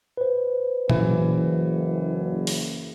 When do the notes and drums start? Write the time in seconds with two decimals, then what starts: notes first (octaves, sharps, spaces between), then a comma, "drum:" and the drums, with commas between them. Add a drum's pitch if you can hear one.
0.17 B4 C5
0.90 F#1 E3, drum: tom A#2
2.47 drum: open hi-hat